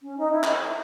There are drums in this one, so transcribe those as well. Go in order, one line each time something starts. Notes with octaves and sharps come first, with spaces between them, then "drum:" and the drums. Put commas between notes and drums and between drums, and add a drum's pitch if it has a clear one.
C#4
D#4
E4
drum: clap